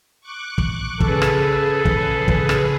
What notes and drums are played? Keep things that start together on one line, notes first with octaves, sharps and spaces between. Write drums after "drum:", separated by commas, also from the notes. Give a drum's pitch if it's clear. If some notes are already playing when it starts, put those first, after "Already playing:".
C#6 D6 F#6
drum: kick
C#3 G#4 A4 B4, drum: kick
drum: rim click
drum: kick
drum: kick
drum: rim click